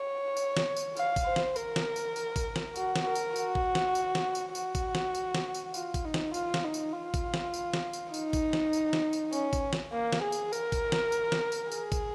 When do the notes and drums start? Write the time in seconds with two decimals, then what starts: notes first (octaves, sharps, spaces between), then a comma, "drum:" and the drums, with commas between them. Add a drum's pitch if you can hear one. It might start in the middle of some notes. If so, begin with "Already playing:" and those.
Already playing: C#5
0.37 drum: tambourine
0.57 drum: snare
0.76 drum: tambourine
0.97 F5, drum: tambourine
1.16 drum: kick G#1, tambourine
1.26 C5
1.36 drum: snare
1.56 A#4, drum: tambourine
1.76 drum: snare
1.96 drum: tambourine
2.16 drum: tambourine
2.36 drum: kick G#1, tambourine
2.56 drum: snare
2.76 F#4, drum: tambourine
2.96 drum: snare
3.05 A#4
3.15 drum: tambourine
3.36 F#4, drum: tambourine
3.55 drum: kick G#1
3.75 drum: snare
3.95 drum: tambourine
4.15 drum: snare
4.35 drum: tambourine
4.55 F#4, drum: tambourine
4.75 drum: kick G#1, tambourine
4.95 drum: snare
5.15 drum: tambourine
5.35 drum: snare
5.54 drum: tambourine
5.74 F4, drum: tambourine
5.94 drum: kick G#1, tambourine
6.05 D#4
6.14 drum: snare
6.34 F4, drum: tambourine
6.54 drum: snare
6.64 D#4
6.74 drum: tambourine
6.93 F4
7.14 drum: kick G#1, tambourine
7.34 drum: snare
7.54 drum: tambourine
7.73 drum: snare
7.93 drum: tambourine
8.14 D#4, drum: tambourine
8.33 drum: kick G#1, tambourine
8.53 drum: snare
8.73 drum: tambourine
8.93 drum: snare
9.13 drum: tambourine
9.33 C#4, drum: tambourine
9.53 drum: kick G#1, tambourine
9.73 drum: snare
9.93 A#3
10.12 drum: snare
10.23 G#4
10.32 drum: tambourine
10.53 A#4, drum: tambourine
10.72 drum: kick G#1, tambourine
10.92 drum: snare
11.12 drum: tambourine
11.32 drum: snare
11.52 drum: tambourine
11.72 G#4, drum: tambourine
11.92 drum: kick G#1, tambourine